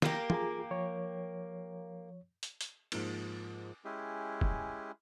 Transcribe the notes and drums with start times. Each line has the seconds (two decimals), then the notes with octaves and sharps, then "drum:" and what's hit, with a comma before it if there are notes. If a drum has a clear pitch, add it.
0.02 A#3 G4, drum: snare
0.30 F4 G#4 A#5, drum: tom
0.71 F3 C#5
2.43 drum: hi-hat
2.61 drum: hi-hat
2.92 G#2 F3 A#3, drum: cymbal
3.85 G#3 C#4 E4 G4 G#4
4.41 drum: kick